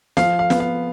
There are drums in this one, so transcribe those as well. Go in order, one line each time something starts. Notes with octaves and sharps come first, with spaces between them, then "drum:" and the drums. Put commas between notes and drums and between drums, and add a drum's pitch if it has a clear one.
F3 F5, drum: snare
F5
B3, drum: snare
F5